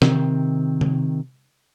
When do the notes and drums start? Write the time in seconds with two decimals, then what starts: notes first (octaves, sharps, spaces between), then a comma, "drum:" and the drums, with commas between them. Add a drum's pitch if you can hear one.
0.02 C3 D#3 C4, drum: snare
0.81 drum: tom C3